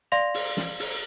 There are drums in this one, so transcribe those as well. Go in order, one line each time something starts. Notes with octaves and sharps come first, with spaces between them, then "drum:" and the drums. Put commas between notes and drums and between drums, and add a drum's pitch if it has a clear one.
D5 F5 C6 A#6 F7
drum: open hi-hat
drum: snare
drum: open hi-hat